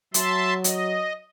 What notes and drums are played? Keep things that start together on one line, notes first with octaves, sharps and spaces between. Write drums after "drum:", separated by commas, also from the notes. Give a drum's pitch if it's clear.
F#3 E5 A5 C6, drum: hi-hat
D#5, drum: hi-hat